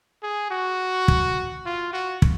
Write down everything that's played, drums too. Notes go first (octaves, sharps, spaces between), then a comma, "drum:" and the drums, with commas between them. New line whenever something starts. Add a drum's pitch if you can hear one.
G#4
F#4
drum: kick
F4
F#4
drum: kick